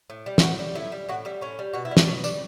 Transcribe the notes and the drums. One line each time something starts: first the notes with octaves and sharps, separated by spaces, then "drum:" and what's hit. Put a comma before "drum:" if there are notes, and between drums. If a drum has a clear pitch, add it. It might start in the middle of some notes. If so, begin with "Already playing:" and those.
A2
G3
E4, drum: snare
A2 F#4
G3
A2 E4
G3
A2 F#4
G3 E4
A2 C#4
G3
B2 F#4
E4
G3
D4, drum: snare
B2 C#4
G3 D4, drum: tambourine